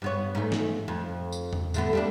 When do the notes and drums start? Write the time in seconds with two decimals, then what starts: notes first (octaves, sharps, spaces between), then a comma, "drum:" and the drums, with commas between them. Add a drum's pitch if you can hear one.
0.02 G2 B3 C#5
0.35 G#2 A3
0.52 drum: snare
0.88 F2
1.32 drum: tambourine
1.53 drum: tom E2
1.74 D3 A3 B3, drum: tambourine
1.93 G3 A3 D4